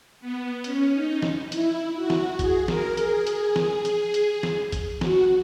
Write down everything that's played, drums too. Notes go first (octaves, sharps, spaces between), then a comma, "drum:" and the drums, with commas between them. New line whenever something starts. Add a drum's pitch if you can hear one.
B3
C#4, drum: hi-hat
D#4
drum: snare
E4, drum: hi-hat
F#4
drum: snare
G#4, drum: kick G#1, hi-hat
A#4, drum: snare
G#4, drum: hi-hat
drum: hi-hat
drum: snare
drum: hi-hat
drum: hi-hat
drum: snare
drum: kick G#1, hi-hat
F#4, drum: snare